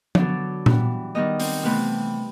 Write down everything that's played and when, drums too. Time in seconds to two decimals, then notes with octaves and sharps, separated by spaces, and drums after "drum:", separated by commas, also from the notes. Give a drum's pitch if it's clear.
0.15 D3 F#3 B3 D4 D5, drum: tom F3
0.66 E3 G3 B3, drum: tom A#2
1.15 D#3 G3 B3 D#4 D#5
1.40 C4 C5, drum: open hi-hat
1.63 C3 E3 A3 B3 C4 B4